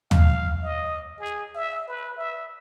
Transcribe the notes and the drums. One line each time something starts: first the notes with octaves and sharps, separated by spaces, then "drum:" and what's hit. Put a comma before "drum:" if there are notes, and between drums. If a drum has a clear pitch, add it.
F5, drum: tom
D#5
G#4
E5
B4
E5